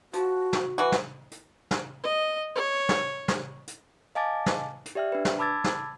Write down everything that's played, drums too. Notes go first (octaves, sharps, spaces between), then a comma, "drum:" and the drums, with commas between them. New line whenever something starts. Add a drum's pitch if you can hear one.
F3 F#4, drum: hi-hat
drum: snare
E3 F#4
drum: snare
drum: hi-hat
drum: snare
D#5
C#5
drum: snare
drum: snare
drum: hi-hat
D#5 F5 G#5 A5 D6 A6
drum: snare
drum: hi-hat
G4 D5 E5 G5 F6
D4 B4
drum: snare
A5 B5 D6 E6 G#6 A6
drum: snare